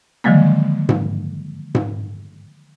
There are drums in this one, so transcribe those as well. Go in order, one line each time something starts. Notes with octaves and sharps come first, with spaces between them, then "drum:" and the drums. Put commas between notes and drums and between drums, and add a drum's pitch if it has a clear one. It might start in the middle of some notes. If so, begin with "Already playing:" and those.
D3 D#3 F3 F#3 G#3 A#3
drum: tom G#2
drum: tom G#2